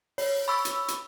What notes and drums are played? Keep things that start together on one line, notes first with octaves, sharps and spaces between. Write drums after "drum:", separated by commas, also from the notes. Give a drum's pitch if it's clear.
C#5, drum: open hi-hat
B5 C#6 E6
drum: hi-hat
drum: hi-hat